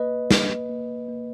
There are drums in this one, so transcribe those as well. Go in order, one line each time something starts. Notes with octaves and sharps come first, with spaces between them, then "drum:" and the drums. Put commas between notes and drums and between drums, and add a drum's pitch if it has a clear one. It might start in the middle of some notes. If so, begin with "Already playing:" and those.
Already playing: A#3 B4 D#5
A#3, drum: snare
A#3
A#3